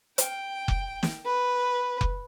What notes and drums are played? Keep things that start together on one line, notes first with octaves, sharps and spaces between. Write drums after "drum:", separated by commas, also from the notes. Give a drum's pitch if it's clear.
G5, drum: hi-hat
drum: kick F1
drum: snare
B4
drum: kick F1